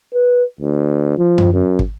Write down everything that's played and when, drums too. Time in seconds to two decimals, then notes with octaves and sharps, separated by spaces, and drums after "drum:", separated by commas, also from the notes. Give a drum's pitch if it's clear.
0.14 B4
0.61 D2
1.18 F3
1.38 drum: tom F#2
1.53 F#2
1.79 drum: kick